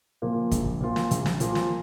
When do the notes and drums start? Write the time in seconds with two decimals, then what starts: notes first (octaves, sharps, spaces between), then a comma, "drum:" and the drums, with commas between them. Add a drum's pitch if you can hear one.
0.22 A#2 F3 A#3 F4
0.51 A#1, drum: kick, hi-hat
0.81 A#2 F3 A#3 F4
0.96 drum: snare
1.11 A#1, drum: hi-hat
1.26 drum: snare
1.40 A#2 F3 A#3 F4, drum: hi-hat
1.55 drum: snare